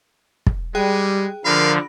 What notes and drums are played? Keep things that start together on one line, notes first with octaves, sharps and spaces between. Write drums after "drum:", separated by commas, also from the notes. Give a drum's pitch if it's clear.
drum: kick
G3 G#3 G#4 G5 F#6
D3 F3 A#4 F5 B5 A#6 D7